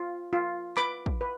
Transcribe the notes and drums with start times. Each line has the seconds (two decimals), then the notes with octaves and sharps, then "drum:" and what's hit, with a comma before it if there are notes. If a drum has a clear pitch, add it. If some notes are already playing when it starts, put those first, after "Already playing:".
Already playing: F4
0.33 F4
0.77 B4 B5 D6, drum: clap
1.06 drum: kick
1.21 B4